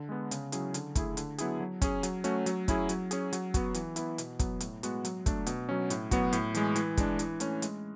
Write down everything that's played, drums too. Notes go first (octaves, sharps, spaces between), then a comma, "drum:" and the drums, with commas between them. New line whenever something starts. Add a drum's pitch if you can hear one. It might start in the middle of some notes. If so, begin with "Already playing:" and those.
Already playing: D3
G#3 B3
C#3, drum: hi-hat
F#3 C#4 E4 G#4, drum: hi-hat
D3, drum: hi-hat
A3 E4 G#4, drum: kick, hi-hat
D3, drum: hi-hat
F#3 B3 E4 G#4, drum: hi-hat
F#3
C#4 G#4, drum: kick, hi-hat
F#3, drum: hi-hat
A3 C#4 F#4, drum: hi-hat
F#3, drum: hi-hat
C#4 E4 G#4, drum: kick, hi-hat
F#3, drum: hi-hat
C#4 G#4, drum: hi-hat
F#3, drum: hi-hat
B3 F#4, drum: kick, hi-hat
E3, drum: hi-hat
B3 E4, drum: hi-hat
B2, drum: hi-hat
F#3 B3, drum: kick, hi-hat
A2, drum: hi-hat
G#3 B3 F#4, drum: hi-hat
F#3, drum: hi-hat
A3 D4, drum: kick, hi-hat
B2, drum: hi-hat
F#3 C#4
A2, drum: hi-hat
F#3 B3 F#4, drum: kick, hi-hat
A2, drum: hi-hat
E3 G#3, drum: hi-hat
E3, drum: hi-hat
G#3 D4, drum: kick, hi-hat
E3, drum: hi-hat
A3 C#4, drum: hi-hat
G#3, drum: hi-hat